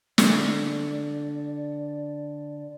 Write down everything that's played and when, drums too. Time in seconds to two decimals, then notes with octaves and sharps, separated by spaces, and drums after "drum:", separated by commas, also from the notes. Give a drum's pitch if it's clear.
0.18 D3 D5, drum: snare